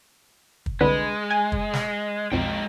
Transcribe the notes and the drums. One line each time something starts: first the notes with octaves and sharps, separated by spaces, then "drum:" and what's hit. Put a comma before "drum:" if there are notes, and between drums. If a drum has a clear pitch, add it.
drum: kick
C2 D3 G#3 B4
G#5
drum: kick
drum: snare
B1 F2 G#3 A#3 G5